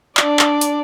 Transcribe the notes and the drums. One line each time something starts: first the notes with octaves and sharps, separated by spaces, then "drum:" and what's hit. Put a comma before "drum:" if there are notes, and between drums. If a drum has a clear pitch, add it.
D4 D5, drum: clap
drum: clap
drum: hi-hat